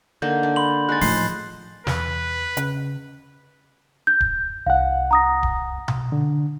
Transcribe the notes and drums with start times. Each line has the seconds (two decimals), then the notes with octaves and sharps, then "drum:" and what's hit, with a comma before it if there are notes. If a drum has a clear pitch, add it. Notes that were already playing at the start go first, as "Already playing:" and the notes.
0.22 D3 A#3 D#4 G6
0.43 D4
0.56 B5 C6 F#7
0.89 G#3 D#4 F#6 A6
1.01 A2 F3 C6 C7, drum: open hi-hat
1.87 E2 B4, drum: snare
2.57 C#3, drum: hi-hat
4.07 G6
4.21 drum: kick D1
4.66 C2 F5 F#5
5.11 A#5 D#6 A#6
5.43 drum: kick D1
5.88 drum: tom B2
6.12 D3